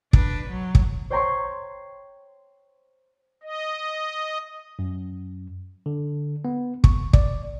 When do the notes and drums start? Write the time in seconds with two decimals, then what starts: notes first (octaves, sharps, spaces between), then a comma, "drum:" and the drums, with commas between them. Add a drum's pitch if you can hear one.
0.13 D4 B4, drum: kick
0.50 F#3
0.75 drum: kick
1.10 C5 C#5 G5 A#5 C6 C#6
3.43 D#5
4.79 F#2
5.86 D3
6.45 B3
6.84 C#6, drum: kick
7.13 D5, drum: kick